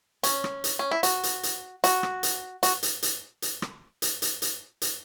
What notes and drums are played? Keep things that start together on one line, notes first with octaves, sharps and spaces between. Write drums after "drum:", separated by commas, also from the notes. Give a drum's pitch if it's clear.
C#4, drum: hi-hat
drum: rim click
drum: hi-hat
C#4
E4
F#4, drum: hi-hat
drum: hi-hat
drum: hi-hat
F#4, drum: hi-hat
drum: rim click
drum: hi-hat
F#4, drum: hi-hat
drum: hi-hat
drum: hi-hat
drum: hi-hat
drum: rim click
drum: hi-hat
drum: hi-hat
drum: hi-hat
drum: hi-hat